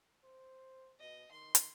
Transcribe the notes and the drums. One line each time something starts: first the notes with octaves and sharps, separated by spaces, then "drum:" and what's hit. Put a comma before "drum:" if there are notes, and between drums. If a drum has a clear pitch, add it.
C5
B2 D#5
D#3 C6
drum: hi-hat